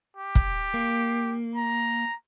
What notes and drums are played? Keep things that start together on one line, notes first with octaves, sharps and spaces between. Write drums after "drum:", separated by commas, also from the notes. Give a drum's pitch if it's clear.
G4
drum: kick
A#3
A#5